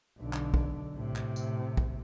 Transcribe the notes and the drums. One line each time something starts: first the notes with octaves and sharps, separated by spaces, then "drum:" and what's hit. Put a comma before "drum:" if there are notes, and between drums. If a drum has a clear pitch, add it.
B1 D3
drum: clap
drum: kick
A2 C3
drum: clap
drum: tambourine
drum: kick